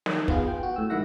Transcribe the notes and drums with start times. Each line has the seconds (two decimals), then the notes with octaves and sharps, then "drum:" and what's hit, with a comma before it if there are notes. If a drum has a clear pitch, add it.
0.06 D#3, drum: snare
0.28 B3 F4 G#4, drum: kick
0.48 G5
0.63 F#4
0.76 A2 E6
0.90 G#2 D#3 F3 E4 F#5 A#6